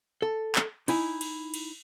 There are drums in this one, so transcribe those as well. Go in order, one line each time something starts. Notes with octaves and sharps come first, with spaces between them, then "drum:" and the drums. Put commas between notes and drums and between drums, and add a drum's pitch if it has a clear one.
A4
drum: clap
D#4 E4 G#5, drum: cymbal
drum: cymbal
drum: cymbal